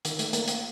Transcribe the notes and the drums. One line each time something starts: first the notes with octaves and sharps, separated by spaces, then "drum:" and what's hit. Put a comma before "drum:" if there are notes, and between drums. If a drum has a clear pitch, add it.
D#3, drum: hi-hat
A3, drum: hi-hat
A#3, drum: hi-hat
drum: hi-hat